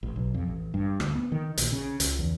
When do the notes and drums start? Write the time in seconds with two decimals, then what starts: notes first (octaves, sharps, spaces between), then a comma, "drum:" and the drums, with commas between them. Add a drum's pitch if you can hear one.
0.03 A1
0.16 B1
0.34 F2
0.48 A1
0.74 G2
1.00 D2, drum: rim click
1.15 B3
1.32 D#3
1.57 A#1, drum: hi-hat
1.72 C#3
2.00 C#2, drum: hi-hat
2.19 E2